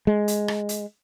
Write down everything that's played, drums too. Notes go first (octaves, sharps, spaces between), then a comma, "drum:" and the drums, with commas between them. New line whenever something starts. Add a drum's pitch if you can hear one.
G#3
drum: hi-hat
drum: rim click
drum: hi-hat